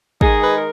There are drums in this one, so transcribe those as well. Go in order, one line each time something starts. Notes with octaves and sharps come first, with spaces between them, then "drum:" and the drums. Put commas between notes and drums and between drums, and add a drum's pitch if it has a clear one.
D#3 G#3 D#4 G#4, drum: kick
B4
A#4